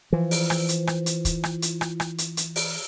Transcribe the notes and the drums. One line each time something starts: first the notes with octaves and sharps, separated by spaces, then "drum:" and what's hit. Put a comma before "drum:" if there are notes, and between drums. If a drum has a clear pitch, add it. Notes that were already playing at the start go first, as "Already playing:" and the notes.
E3 F3
drum: open hi-hat
drum: rim click
drum: hi-hat
drum: rim click
drum: hi-hat
drum: kick, hi-hat
drum: rim click
drum: hi-hat
drum: rim click
drum: rim click
drum: hi-hat
drum: hi-hat
drum: open hi-hat